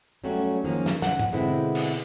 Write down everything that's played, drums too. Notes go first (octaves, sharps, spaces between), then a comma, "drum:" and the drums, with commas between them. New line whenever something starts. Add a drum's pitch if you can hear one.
F#3 G3 A3 C#4 F#4
D#3 F3 G#3 A#3 C#4
drum: snare
F#5, drum: snare
drum: tom G#2
B2 D3 G#3 B3 C4 E4
drum: cymbal